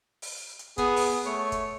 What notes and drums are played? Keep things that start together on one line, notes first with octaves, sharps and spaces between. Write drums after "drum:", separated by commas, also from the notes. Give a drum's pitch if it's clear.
drum: open hi-hat
drum: hi-hat
B3 G#4, drum: kick, hi-hat
drum: open hi-hat
A3 C#5
drum: kick, hi-hat